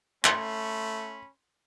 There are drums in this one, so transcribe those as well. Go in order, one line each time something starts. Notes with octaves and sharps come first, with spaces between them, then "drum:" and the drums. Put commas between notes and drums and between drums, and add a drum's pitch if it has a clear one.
A3 C#4 B5 C6, drum: clap